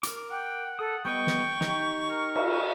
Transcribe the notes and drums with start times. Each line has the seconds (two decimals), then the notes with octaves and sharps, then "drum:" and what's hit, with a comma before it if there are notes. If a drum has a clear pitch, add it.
0.03 A#4 D6, drum: hi-hat
0.31 F#5 G5
0.79 A4 D#6
1.05 G3 B3 D#5 G5 C#6
1.27 drum: snare
1.61 D#4 G4, drum: snare
2.10 A#4
2.36 drum: cymbal